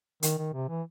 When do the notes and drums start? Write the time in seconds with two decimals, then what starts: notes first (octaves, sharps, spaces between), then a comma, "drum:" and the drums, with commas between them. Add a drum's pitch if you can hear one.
0.23 D#3, drum: hi-hat
0.38 D#3
0.54 C3
0.68 E3